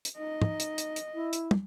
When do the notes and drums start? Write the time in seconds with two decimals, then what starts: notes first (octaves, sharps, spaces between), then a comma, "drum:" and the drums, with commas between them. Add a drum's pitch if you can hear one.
0.05 drum: hi-hat
0.18 D#4 D#5
0.42 drum: tom G#2
0.60 drum: hi-hat
0.78 drum: hi-hat
0.96 drum: hi-hat
1.15 E4
1.33 drum: hi-hat
1.51 drum: tom